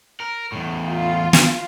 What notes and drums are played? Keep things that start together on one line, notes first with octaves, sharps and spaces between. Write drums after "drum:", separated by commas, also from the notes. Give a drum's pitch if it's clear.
A#4
E2 A2
F4
drum: snare